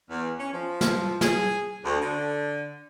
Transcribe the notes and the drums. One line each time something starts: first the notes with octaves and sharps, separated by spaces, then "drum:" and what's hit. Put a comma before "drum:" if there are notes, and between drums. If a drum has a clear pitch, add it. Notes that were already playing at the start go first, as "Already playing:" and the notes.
E2
C#4
F3
drum: snare
G#4, drum: snare
D2
D3